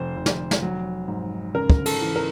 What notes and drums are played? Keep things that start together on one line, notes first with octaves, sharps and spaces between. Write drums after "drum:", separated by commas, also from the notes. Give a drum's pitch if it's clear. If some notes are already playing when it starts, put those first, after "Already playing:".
Already playing: F1 C5
F1
drum: snare
drum: snare
F#3
G#2
C#3 A#4
drum: kick
A4, drum: cymbal
E3
A#4